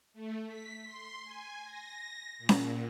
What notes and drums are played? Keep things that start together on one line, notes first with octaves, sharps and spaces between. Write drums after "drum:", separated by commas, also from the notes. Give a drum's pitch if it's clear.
A3
B6
C6
G#5
A#6
A#2
drum: snare C#4